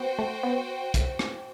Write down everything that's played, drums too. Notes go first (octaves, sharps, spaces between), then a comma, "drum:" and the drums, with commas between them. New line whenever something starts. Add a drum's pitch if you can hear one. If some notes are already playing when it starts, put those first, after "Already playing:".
Already playing: B3 F#4 C5 G5
A3
B3
drum: kick, hi-hat
drum: rim click